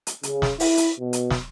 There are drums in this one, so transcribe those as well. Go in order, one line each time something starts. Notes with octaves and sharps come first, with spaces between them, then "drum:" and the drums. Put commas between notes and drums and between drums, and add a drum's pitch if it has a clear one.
drum: hi-hat
C#3, drum: hi-hat
drum: snare
E4, drum: open hi-hat
drum: hi-hat
B2
drum: hi-hat
drum: snare